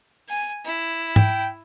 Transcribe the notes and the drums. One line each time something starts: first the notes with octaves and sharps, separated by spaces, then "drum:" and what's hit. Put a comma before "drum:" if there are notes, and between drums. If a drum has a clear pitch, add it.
G#5
E4
G5, drum: tom G#2